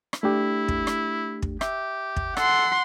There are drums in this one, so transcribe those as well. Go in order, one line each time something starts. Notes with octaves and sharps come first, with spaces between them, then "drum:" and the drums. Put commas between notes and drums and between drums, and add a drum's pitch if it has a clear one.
drum: rim click
A3 D4 E4 G4
drum: kick
drum: rim click
drum: kick
G4 E5, drum: rim click
drum: kick
A4 F#5 C6, drum: rim click